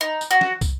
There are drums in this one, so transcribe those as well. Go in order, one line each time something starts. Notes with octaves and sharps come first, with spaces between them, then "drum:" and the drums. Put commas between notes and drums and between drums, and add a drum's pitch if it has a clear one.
D#4
drum: tambourine
F#4
drum: snare
drum: kick, tambourine